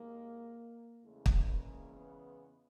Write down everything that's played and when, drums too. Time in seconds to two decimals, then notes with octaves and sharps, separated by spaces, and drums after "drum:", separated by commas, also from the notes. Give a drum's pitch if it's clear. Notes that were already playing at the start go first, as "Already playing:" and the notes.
Already playing: D#2 D#3 G#3 A#3
1.02 E2 C#3 E3 G#3 A3
1.26 drum: kick
1.49 A#3
1.96 B3